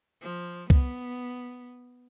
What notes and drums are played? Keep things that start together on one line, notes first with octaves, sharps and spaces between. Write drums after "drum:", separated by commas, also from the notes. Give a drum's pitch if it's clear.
F3
B3, drum: kick C2